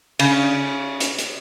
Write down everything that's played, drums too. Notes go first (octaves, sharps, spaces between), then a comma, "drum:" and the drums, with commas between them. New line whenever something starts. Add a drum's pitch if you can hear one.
C#3, drum: cymbal
drum: hi-hat
drum: hi-hat